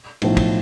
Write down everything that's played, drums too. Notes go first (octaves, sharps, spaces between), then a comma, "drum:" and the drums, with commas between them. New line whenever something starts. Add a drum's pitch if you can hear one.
B1 A2 F3, drum: cymbal
drum: kick, cymbal